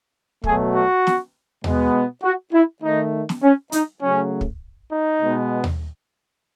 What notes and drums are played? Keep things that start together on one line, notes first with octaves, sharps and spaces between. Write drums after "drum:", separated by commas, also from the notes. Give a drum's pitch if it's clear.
B2 F#3 A3 G#4, drum: kick
F#4
drum: snare
B2 G#3 B3, drum: tom D#2
F#4
E4
D#3 A3 D#4
drum: snare
C#4
D#4, drum: hi-hat
C#3 F#3 A3 C#4
drum: kick
D#4
B2 G#3 B3
drum: tom D#2